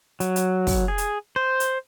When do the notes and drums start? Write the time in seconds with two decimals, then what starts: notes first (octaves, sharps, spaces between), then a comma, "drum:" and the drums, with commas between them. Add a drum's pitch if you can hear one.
0.20 F#3, drum: hi-hat
0.36 drum: hi-hat
0.67 drum: kick, open hi-hat
0.88 G#4
0.98 drum: hi-hat
1.36 C5
1.60 drum: hi-hat